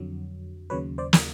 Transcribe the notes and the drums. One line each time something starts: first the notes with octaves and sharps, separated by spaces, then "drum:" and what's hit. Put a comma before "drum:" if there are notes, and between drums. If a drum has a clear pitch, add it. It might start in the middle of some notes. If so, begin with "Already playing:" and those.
Already playing: F2 D3 F#3
D#2 C#3 F#3 B4 C#5
C5 D5
drum: snare